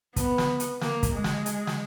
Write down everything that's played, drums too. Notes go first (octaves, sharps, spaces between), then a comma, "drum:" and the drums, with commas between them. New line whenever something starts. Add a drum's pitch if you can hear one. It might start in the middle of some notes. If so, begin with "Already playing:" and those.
B3, drum: kick, hi-hat
drum: snare
drum: hi-hat
A#3, drum: snare
drum: kick, hi-hat
G#3
drum: snare
drum: hi-hat
drum: snare